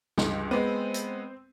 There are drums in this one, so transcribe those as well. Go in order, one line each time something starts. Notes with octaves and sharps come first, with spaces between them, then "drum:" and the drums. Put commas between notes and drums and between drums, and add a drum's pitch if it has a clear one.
C#2 G2, drum: snare
G#3 B3 C4
drum: hi-hat